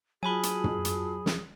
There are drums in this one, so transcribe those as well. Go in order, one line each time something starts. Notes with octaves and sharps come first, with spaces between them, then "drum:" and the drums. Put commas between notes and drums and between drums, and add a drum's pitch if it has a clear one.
F#3 F4 F#4 G#4 G#5 A5 B5
drum: hi-hat
drum: tom
drum: hi-hat
drum: snare